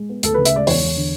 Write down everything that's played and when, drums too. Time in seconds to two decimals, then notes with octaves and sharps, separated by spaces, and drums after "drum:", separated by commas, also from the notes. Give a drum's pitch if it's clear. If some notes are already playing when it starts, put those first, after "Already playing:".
Already playing: G#3
0.09 B3
0.23 D2 A4, drum: hi-hat
0.34 C#3 B4
0.45 E5, drum: hi-hat
0.52 G#3 D5
0.67 E2 C#5, drum: open hi-hat
0.82 E2
0.96 D3